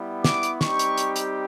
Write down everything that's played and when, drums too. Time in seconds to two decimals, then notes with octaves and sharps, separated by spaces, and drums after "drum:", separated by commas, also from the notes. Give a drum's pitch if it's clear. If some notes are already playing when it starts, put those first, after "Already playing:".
Already playing: G3 B3 E4
0.24 D6, drum: snare
0.43 drum: hi-hat
0.61 G3 C4 D#4 G4 C#6, drum: snare
0.79 drum: hi-hat
0.98 drum: hi-hat
1.16 drum: hi-hat